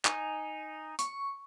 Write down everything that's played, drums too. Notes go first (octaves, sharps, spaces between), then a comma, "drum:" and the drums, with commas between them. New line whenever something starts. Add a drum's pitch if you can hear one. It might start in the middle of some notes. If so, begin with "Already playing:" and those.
D#4 G#5, drum: clap
C#6, drum: hi-hat